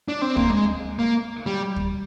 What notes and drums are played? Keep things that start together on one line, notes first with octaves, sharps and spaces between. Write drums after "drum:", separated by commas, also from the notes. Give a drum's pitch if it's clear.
D4
C4
A#3, drum: kick
G#3
A#3
G3
drum: kick